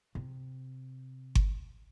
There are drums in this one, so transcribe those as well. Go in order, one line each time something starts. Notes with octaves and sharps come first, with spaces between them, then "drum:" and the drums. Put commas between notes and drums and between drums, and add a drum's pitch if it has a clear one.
C3
drum: kick G1